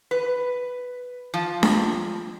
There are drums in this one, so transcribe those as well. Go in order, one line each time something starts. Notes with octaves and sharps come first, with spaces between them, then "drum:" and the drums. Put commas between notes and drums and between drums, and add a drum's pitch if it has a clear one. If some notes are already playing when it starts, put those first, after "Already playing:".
B4
F3
drum: snare D4